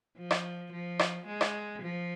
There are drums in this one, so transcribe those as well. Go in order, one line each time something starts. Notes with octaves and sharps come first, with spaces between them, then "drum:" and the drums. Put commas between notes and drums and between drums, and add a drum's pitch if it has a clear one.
F3
drum: rim click
F3
drum: rim click
G#3
drum: rim click
F3